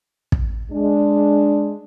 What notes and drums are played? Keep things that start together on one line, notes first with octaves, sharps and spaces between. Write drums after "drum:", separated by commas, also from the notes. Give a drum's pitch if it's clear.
drum: kick
G#3 D4